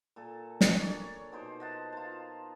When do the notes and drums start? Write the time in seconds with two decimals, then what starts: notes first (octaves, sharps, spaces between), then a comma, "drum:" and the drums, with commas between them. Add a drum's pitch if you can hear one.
0.16 A#2 A4
0.61 D4 C#5, drum: snare
0.81 C#5 D5
1.32 B2 D#4 C5 D6
1.60 D#5 F#5 A5
1.93 F4 A5